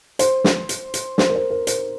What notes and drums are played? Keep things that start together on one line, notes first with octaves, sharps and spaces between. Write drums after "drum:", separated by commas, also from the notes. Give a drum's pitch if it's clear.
C5, drum: hi-hat
drum: snare
drum: hi-hat
drum: hi-hat
C5, drum: snare
A#4
C5
A#4
C5, drum: hi-hat